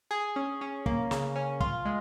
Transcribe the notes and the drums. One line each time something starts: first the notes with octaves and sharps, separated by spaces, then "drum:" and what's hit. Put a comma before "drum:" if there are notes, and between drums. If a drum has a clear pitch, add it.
G#4
C#4
C#4
A#3, drum: kick
C#3, drum: snare
C#4
F4, drum: kick
G#3